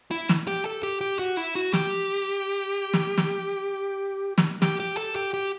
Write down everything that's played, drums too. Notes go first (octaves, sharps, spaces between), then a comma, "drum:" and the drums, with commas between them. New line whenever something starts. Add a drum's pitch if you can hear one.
E4
drum: snare
G4
A4
G4
G4
F#4
E4
F#4
G4, drum: snare
drum: snare
drum: snare
drum: snare
G4, drum: snare
G4
A4
G4
G4